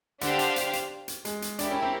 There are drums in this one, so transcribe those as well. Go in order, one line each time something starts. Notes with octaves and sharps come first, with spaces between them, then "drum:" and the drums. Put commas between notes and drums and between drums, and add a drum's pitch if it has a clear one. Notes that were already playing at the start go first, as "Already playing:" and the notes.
D3 D4 G4 C5 F5, drum: hi-hat
drum: hi-hat
drum: hi-hat
drum: hi-hat
drum: hi-hat
G#3, drum: hi-hat
drum: hi-hat
D4 E4 G4 A#4, drum: hi-hat
C#4
C4